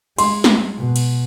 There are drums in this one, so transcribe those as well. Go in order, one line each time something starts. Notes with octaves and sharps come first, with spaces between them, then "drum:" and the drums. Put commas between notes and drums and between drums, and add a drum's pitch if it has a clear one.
G#3 C6, drum: cymbal
drum: snare
B2
drum: cymbal